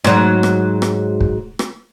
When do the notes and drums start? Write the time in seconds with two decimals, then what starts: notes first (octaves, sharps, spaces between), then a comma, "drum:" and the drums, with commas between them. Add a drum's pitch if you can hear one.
0.04 G#2 F#3, drum: rim click
0.43 drum: rim click
0.82 drum: rim click
1.21 drum: kick
1.59 drum: rim click